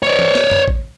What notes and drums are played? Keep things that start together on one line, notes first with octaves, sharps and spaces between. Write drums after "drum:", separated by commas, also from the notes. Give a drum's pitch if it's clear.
C#5 D5
drum: tom E3
drum: snare
drum: tom F#2
drum: kick